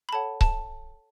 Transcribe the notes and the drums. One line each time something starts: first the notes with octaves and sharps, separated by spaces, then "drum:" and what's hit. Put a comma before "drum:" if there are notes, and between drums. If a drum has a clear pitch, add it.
B5
A4 C#5 F#5 A5
A5, drum: kick C#1